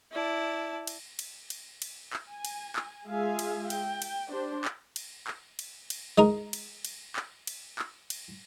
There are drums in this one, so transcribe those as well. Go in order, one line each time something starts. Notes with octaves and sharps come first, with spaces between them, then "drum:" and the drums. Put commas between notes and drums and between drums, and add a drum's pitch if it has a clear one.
E4 D5 A5
drum: cymbal
drum: cymbal
drum: cymbal
drum: cymbal
drum: clap
G#5
drum: cymbal
drum: clap
G#3 F4 G#4 E5 F5 G#5
drum: cymbal
G5, drum: cymbal
drum: cymbal
D4 G4 C5
drum: clap
drum: cymbal
drum: clap
drum: cymbal
drum: cymbal
G#3 D#4 A#4
drum: cymbal
drum: cymbal
drum: clap
drum: cymbal
drum: clap
drum: cymbal